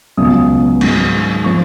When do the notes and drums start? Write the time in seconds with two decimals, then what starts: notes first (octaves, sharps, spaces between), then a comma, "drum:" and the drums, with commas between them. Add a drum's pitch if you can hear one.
0.17 C#2 B2 F#3 D#6
0.81 G#2 D#3 F#3, drum: cymbal
1.44 F3 C#6